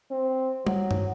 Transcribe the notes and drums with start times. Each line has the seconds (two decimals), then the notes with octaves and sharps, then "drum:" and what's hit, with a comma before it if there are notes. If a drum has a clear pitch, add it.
0.11 C4
0.67 F#3, drum: tom G3
0.91 drum: tom G2